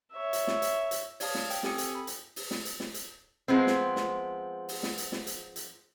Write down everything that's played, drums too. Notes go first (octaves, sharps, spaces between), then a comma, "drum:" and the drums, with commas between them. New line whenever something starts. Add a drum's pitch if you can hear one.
C#5 E5
drum: hi-hat
drum: snare
drum: hi-hat
drum: hi-hat
C#5 D5 F5 A5 D#6, drum: open hi-hat
drum: snare
G5, drum: hi-hat
C4 G4 A4 G#5 D#6 C#7, drum: snare
drum: hi-hat
B5
drum: hi-hat
drum: open hi-hat
drum: snare
drum: hi-hat
drum: snare
drum: hi-hat
F3 G#3 B3 C4
drum: snare
drum: snare
drum: open hi-hat
drum: snare
drum: hi-hat
drum: snare
drum: hi-hat
drum: hi-hat